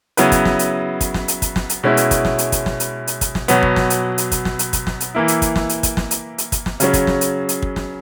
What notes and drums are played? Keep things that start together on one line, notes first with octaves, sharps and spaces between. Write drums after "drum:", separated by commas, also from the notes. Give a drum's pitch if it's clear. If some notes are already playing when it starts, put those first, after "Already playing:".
C#3 F#3 B3 E4 B4, drum: hi-hat
drum: kick, hi-hat
drum: snare
drum: hi-hat
drum: kick, hi-hat
drum: snare
drum: hi-hat
drum: kick, hi-hat
drum: snare
drum: hi-hat
B2 G#3 C#4 E4
drum: hi-hat
drum: kick, hi-hat
drum: snare
drum: hi-hat
drum: kick, hi-hat
drum: snare
drum: hi-hat
drum: hi-hat
drum: kick, hi-hat
drum: snare
B2 F#3 B3, drum: hi-hat
drum: kick
drum: snare
drum: hi-hat
drum: hi-hat
drum: kick, hi-hat
drum: snare
drum: hi-hat
drum: kick, hi-hat
drum: snare
drum: hi-hat
E3 A#3 E4
drum: hi-hat
drum: kick, hi-hat
drum: snare
drum: hi-hat
drum: kick, hi-hat
drum: snare
drum: hi-hat
drum: hi-hat
drum: kick, hi-hat
drum: snare
C#3 F#3 C#4, drum: hi-hat
drum: kick, hi-hat
drum: snare
drum: hi-hat
drum: hi-hat
drum: kick
drum: snare